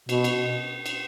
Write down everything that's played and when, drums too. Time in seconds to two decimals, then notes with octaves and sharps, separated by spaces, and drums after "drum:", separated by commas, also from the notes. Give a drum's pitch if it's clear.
0.09 B2, drum: cymbal
0.24 drum: cymbal
0.86 drum: cymbal